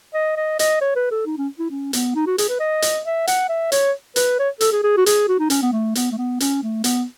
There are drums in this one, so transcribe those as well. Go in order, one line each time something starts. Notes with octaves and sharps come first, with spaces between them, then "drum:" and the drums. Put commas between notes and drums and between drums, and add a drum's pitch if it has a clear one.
D#5
D#5
D#5, drum: hi-hat
C#5
B4
A4
D#4
C#4
E4
C#4
B3, drum: hi-hat
D#4
F#4
G#4, drum: hi-hat
B4
D#5
drum: hi-hat
E5
F#5, drum: hi-hat
E5
C#5, drum: hi-hat
B4, drum: hi-hat
C#5
A4, drum: hi-hat
G#4
G#4
F#4
G#4, drum: hi-hat
F#4
D#4
C#4, drum: hi-hat
B3
A3
B3, drum: hi-hat
A3
B3
C#4, drum: hi-hat
A3
B3, drum: hi-hat